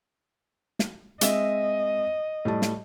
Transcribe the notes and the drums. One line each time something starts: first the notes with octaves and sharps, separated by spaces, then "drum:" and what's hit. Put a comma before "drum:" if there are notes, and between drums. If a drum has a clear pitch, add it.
drum: snare
G#3 C4 D#5 E5, drum: hi-hat
A2 G3 A5
drum: snare